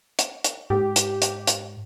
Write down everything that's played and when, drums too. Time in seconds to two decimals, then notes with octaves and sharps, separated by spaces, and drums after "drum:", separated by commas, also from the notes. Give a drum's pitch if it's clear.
0.19 drum: hi-hat
0.44 drum: hi-hat
0.70 G#2 G4
0.96 drum: hi-hat
1.22 drum: hi-hat
1.47 drum: hi-hat